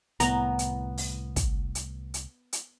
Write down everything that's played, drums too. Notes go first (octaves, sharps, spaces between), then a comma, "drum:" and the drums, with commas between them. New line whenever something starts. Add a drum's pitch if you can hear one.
C2 A2 B3 A#5, drum: hi-hat
drum: hi-hat
drum: open hi-hat
drum: kick, hi-hat
drum: hi-hat
drum: hi-hat
drum: hi-hat